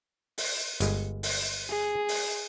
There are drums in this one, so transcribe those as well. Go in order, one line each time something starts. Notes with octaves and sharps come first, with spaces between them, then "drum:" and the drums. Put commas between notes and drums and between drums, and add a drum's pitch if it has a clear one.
drum: open hi-hat
G1 G#3, drum: hi-hat
drum: open hi-hat
G#4
drum: open hi-hat